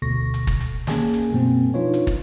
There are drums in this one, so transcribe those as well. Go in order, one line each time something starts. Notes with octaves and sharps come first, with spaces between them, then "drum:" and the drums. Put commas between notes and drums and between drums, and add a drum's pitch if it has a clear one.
G1 D2 B2 A4 C#6 A#6
drum: hi-hat
drum: kick
drum: hi-hat
A#3 C#4 G#4 G#5 A5, drum: snare
drum: hi-hat
F#2 B2 G3 A3 A#3 C4
F3 D4 D#4 F4 B4 C#5
drum: hi-hat
drum: kick